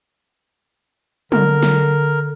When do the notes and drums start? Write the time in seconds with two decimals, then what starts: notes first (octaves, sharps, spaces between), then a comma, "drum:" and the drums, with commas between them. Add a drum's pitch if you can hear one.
1.32 D3 A#4, drum: tom
1.62 drum: snare